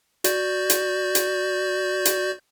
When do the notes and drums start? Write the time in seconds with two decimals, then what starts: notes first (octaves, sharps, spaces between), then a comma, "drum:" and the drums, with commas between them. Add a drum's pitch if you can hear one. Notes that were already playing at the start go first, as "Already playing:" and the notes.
0.24 F#4 D5 G6, drum: hi-hat
0.70 drum: hi-hat
1.15 drum: hi-hat
2.05 drum: hi-hat